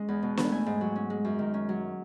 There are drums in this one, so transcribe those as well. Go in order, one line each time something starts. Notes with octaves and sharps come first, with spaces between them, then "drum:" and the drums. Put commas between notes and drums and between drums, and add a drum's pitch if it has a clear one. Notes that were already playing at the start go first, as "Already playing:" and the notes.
Already playing: G#3 C#4 D#5
E2
B2
B3, drum: snare
A3 G#5
G#2
F#3
C#4
G#3
F#2
D#3
C#4
F#3